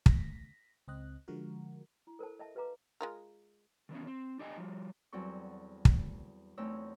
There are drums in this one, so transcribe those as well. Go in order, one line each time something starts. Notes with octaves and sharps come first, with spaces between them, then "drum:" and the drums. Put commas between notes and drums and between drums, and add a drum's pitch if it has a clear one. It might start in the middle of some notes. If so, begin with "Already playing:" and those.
A#6 B6, drum: kick
C#2 C4 D#5 F#6
D3 F3 G#3 F#4 A#4
E4
A4 A#4 C5 A5
D#5 E5 A5
G4 B4 D#5 F5 A#5 D6
G#3 F4 A#4
D#3 E3 B3 C#4
C4
D4 G4 D#5 G5 G#5
F3 G3
E2 F#3 G3 C4 A4 C#6
drum: kick
E2 A3 C4 D#4 C#5 E6